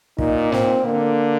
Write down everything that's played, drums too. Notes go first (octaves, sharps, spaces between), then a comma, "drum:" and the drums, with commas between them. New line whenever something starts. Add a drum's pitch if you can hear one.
A#2 D#4, drum: kick
C4, drum: snare
D3 A#3